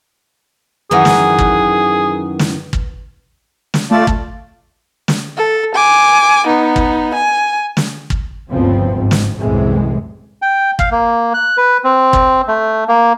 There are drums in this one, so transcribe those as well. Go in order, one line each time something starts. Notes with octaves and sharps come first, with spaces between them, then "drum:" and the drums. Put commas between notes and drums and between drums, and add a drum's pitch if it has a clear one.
F#2 D#3 E3 G#4 A#4 B4 F#5
drum: snare
drum: kick
drum: snare
drum: kick
drum: snare
A3 F4 D5 A5
drum: kick
drum: snare
A4
G#5 D6
B3 D#4
drum: kick
G#5
drum: snare
drum: kick
G1 D2 C#3 F3 B3 C4
G#2
drum: snare
C2 F#2 A2 C3 E3 G#3
G5
F5, drum: kick
A#3
F#6
B4
C4
drum: kick
A3
A#3